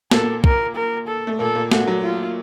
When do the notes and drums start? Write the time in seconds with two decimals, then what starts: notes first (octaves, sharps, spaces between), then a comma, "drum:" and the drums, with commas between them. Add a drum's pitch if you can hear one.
0.11 A#2 A#3 A4, drum: snare
0.44 A#4, drum: kick
0.75 A#4
1.07 A4
1.27 A3
1.39 A#2 A#3 A4
1.55 A#2 A#3
1.72 A3 F#4, drum: snare
1.87 F#3
2.03 F4